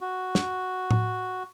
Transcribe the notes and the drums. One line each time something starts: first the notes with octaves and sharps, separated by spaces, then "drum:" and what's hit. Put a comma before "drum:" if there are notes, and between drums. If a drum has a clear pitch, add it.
F#4
drum: snare
drum: tom A2